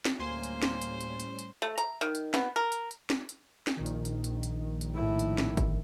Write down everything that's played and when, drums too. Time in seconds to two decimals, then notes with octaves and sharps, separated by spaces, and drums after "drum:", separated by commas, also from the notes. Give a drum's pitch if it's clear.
0.05 drum: snare
0.19 D2 A2 G3 A#3 C#4 C5 G#5 C6
0.43 drum: hi-hat
0.62 drum: snare
0.81 drum: hi-hat
1.01 drum: hi-hat
1.20 drum: hi-hat
1.39 drum: hi-hat
1.62 A3
1.78 A#5, drum: hi-hat
2.01 D#3
2.15 drum: hi-hat
2.34 B3, drum: snare
2.56 A#4
2.72 drum: hi-hat
2.91 drum: hi-hat
3.10 drum: snare
3.29 drum: hi-hat
3.67 drum: snare
3.77 A#1 D#3
3.86 drum: hi-hat
4.05 drum: hi-hat
4.24 drum: hi-hat
4.43 drum: hi-hat
4.81 drum: hi-hat
4.94 A2 E4
5.19 drum: hi-hat
5.38 drum: snare
5.57 drum: kick G1, hi-hat